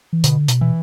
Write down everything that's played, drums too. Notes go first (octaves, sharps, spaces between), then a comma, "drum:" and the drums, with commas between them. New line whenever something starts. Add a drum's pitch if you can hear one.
E3
B2 D3, drum: hi-hat
B2, drum: hi-hat
E3